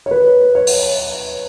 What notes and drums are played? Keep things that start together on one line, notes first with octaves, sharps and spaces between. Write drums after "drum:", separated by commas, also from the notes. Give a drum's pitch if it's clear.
C#5
B4
C#5
drum: open hi-hat